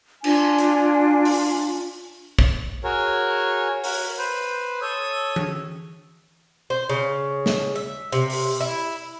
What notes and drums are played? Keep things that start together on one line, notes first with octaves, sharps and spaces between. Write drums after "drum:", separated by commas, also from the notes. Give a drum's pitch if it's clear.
D4 F4 G#5, drum: cymbal
drum: hi-hat
drum: open hi-hat
drum: kick
F#4 G#4 A#4 C#5
F#4 A#4 C#5, drum: open hi-hat
B4 C5
A4 C#5 D#6
drum: tom E3
C5
C#3
drum: snare
E5
C3, drum: hi-hat
drum: open hi-hat
E4